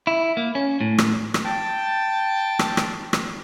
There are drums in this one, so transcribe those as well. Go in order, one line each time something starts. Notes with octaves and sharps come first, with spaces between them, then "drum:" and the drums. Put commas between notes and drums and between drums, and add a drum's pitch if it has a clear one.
E4
A#3
C#4
A2
drum: rim click
drum: rim click
G5 A5
drum: rim click
drum: rim click
drum: rim click